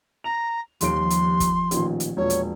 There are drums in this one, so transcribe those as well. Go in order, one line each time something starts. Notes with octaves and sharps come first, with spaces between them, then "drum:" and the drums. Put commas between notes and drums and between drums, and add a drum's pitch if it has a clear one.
A#5 F7
D#1 D#2 F3 C6 D7, drum: hi-hat
drum: hi-hat
drum: kick, hi-hat
A1 A#2 D#3, drum: hi-hat
drum: hi-hat
E1 A#2 C#5
drum: hi-hat